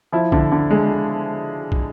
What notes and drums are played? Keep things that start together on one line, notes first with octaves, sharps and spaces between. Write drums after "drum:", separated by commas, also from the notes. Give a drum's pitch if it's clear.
F3 E4
D3, drum: kick
D3
G#3
drum: kick